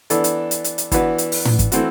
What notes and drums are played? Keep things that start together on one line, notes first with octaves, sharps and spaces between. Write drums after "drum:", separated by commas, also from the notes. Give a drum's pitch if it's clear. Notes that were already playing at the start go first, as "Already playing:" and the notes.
E3 B3 D4 A4, drum: hi-hat
drum: hi-hat
drum: hi-hat
drum: hi-hat
drum: hi-hat
E3 B3 D4 F#4 B4, drum: kick, hi-hat
drum: hi-hat
drum: open hi-hat
drum: tom
drum: kick, hi-hat
E3 A3 C4 F#4, drum: hi-hat